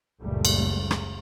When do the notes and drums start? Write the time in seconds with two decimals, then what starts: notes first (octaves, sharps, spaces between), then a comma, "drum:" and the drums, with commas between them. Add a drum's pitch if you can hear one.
0.22 F#1 C#2 A#2 G3 A3
0.45 drum: cymbal
0.91 drum: rim click